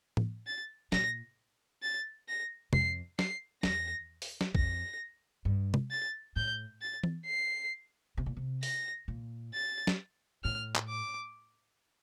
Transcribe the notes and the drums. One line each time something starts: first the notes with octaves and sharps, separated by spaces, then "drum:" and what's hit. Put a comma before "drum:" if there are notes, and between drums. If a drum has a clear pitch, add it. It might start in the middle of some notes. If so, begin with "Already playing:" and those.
drum: tom A2
A6
A#2 A#6, drum: snare
A6
A#6
F2 C7, drum: tom C3
C7, drum: snare
E2 A#6, drum: snare
drum: open hi-hat
drum: snare
F2 A#6, drum: kick
G2
drum: tom C3
A6
A2 G6
A6
drum: tom E3
C7
C3
A#2
C3
A#6, drum: open hi-hat
A#2
A6
drum: snare
A2 F6
drum: clap
D6